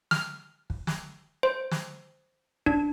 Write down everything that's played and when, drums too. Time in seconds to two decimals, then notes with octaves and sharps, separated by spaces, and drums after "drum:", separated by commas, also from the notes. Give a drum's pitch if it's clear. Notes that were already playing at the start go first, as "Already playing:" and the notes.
0.11 F6, drum: snare
0.70 drum: kick
0.87 drum: snare
1.43 C5
1.71 drum: snare
2.66 D4, drum: kick